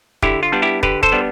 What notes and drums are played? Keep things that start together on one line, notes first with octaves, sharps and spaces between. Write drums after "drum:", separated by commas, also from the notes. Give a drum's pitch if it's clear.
D3 E4 G4, drum: kick
F4
G3 B3 D4
E4 G4
D3 G4 B4, drum: kick
A4 C5, drum: kick
G3 B3 D4